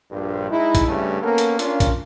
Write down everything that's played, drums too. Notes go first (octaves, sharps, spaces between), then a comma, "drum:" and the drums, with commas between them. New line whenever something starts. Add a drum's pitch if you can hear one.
A#1 G2
G#3 D#4 E4
drum: kick, hi-hat
G2 C#3 A3
A#3 B3 C#4 A4 A#4
drum: hi-hat
C#4 D4 F4 A#4 F5, drum: hi-hat
drum: kick, hi-hat